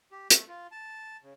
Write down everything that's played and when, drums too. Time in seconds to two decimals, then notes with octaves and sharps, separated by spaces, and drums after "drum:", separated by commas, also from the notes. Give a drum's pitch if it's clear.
0.11 G4
0.30 A3, drum: hi-hat
0.48 F4
0.72 A5
1.23 C#3